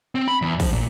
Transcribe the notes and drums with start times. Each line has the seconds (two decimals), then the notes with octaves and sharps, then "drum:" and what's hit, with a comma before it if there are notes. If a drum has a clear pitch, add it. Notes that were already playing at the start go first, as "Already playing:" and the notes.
0.15 C4
0.28 B5
0.42 E2
0.60 F3, drum: kick, open hi-hat
0.73 A#2